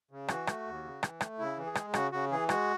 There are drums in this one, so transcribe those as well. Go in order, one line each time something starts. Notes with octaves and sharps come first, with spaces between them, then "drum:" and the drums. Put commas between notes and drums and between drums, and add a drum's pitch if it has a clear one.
C#3
E3 F#4, drum: rim click
A3, drum: rim click
D#2
C#3
E3, drum: rim click
A3, drum: rim click
C#3 E4
E3
G#4
G#3, drum: rim click
C#3 F#4, drum: rim click
C#3 F#4
E3 G#4
G#3 F#4, drum: rim click